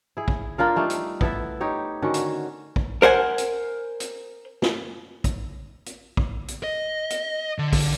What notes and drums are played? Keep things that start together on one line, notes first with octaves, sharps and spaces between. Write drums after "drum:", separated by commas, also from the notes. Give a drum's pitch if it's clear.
E4 G#4
drum: kick
A#3 D4 F4 A#4
G3 A3 D#4 F5
drum: hi-hat
B3 E4 A4 E5, drum: kick
D#4 G4 C#5
D3 D#3 C#4 F#4
drum: hi-hat
drum: kick
A#4 C5 F#5 G#5
drum: hi-hat
drum: hi-hat
drum: snare
drum: kick, hi-hat
drum: hi-hat
drum: kick
drum: hi-hat
D#5
drum: hi-hat
D3
drum: kick, open hi-hat